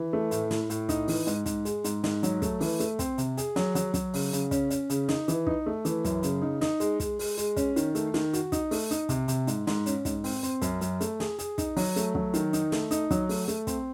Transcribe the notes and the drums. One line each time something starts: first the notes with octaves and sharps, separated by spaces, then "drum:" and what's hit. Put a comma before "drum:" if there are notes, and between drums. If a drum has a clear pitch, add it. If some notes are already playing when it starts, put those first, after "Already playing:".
Already playing: E3
A3
A2, drum: hi-hat
A2, drum: snare
A2, drum: hi-hat
D#4, drum: kick, hi-hat
E3, drum: open hi-hat
G#2, drum: hi-hat
G#2, drum: kick, hi-hat
G#3, drum: hi-hat
G#2, drum: hi-hat
G#2, drum: snare
F#3, drum: hi-hat
A3, drum: kick, hi-hat
E3, drum: open hi-hat
A3, drum: hi-hat
C4, drum: kick, hi-hat
C3, drum: hi-hat
G#4, drum: hi-hat
F#3, drum: snare
F#3, drum: hi-hat
F#3, drum: kick, hi-hat
C#3, drum: open hi-hat
C#3, drum: hi-hat
C#4, drum: kick, hi-hat
C#4, drum: hi-hat
C#3, drum: hi-hat
D#4, drum: snare
E3, drum: hi-hat
D#4, drum: kick
A3
E3, drum: hi-hat
F#2, drum: kick, hi-hat
C#3, drum: hi-hat
D#4
D#4, drum: snare
G#3, drum: hi-hat
G#3, drum: kick, hi-hat
G#3, drum: open hi-hat
G#3, drum: hi-hat
C#4, drum: kick, hi-hat
D#3, drum: hi-hat
A3, drum: hi-hat
D#3, drum: snare
F#4, drum: hi-hat
D#4, drum: kick, hi-hat
A3, drum: open hi-hat
D#4, drum: hi-hat
C3, drum: kick, hi-hat
C3, drum: hi-hat
G#2, drum: hi-hat
G#2, drum: snare
C#4, drum: hi-hat
G#2, drum: kick, hi-hat
C4, drum: open hi-hat
C4, drum: hi-hat
F#2, drum: kick, hi-hat
F#2, drum: hi-hat
A3, drum: hi-hat
G#4, drum: snare
G#4, drum: hi-hat
D#4, drum: kick, hi-hat
F#3, drum: open hi-hat
A3, drum: hi-hat
F#3, drum: kick
D#3, drum: hi-hat
D#4, drum: hi-hat
A3, drum: snare
D#4, drum: hi-hat
F#3, drum: kick, hi-hat
A3, drum: open hi-hat
A3, drum: hi-hat
C4, drum: kick, hi-hat